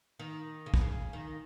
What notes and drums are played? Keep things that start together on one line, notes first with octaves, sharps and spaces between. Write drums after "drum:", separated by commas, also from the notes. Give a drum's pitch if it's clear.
D#3
C#3
B2, drum: kick
C#3
D#3